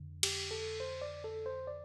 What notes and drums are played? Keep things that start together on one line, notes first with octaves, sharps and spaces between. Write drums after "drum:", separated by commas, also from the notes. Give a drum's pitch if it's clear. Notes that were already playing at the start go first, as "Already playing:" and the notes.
Already playing: F2 D3
G4, drum: cymbal
A4
C5
D5
A4
C5
D5